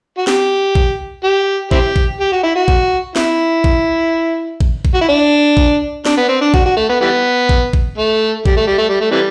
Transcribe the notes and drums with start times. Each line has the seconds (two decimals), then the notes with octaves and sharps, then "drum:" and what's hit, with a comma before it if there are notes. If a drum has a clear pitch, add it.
0.18 F#4
0.27 G4, drum: snare
0.75 drum: kick A1
1.24 G4
1.71 C4 E4 G4, drum: kick A1
1.96 drum: kick A1
2.20 G4
2.32 F#4
2.43 E4
2.56 F#4
2.68 drum: kick A1
3.16 E4, drum: snare
3.64 drum: kick A1
4.61 drum: kick A1
4.85 drum: kick A1
4.94 F#4
5.01 E4
5.09 D4
5.57 drum: kick A1
6.05 D4, drum: snare
6.17 B3
6.28 C4
6.41 D4
6.54 F#4, drum: kick A1
6.66 F#4
6.77 A3
6.89 B3
7.01 E3 G3 B3
7.49 drum: kick A1
7.73 drum: kick A1
7.98 A3
8.46 G3, drum: kick A1
8.57 A3
8.67 G3
8.78 A3
8.89 G3
9.01 A3
9.11 C3 E3 G3